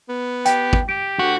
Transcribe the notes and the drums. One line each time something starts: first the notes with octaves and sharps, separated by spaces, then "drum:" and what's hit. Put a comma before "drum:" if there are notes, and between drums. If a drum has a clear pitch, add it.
B3
G4 G5, drum: hi-hat
drum: kick
G4 D7
D2 F#4